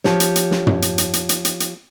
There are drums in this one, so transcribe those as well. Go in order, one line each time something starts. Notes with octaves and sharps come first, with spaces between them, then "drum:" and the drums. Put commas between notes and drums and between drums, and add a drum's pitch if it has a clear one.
F3 G4 C#5, drum: snare
drum: hi-hat
drum: hi-hat
drum: snare
drum: tom
drum: hi-hat
drum: hi-hat
drum: hi-hat
drum: hi-hat
drum: hi-hat
drum: hi-hat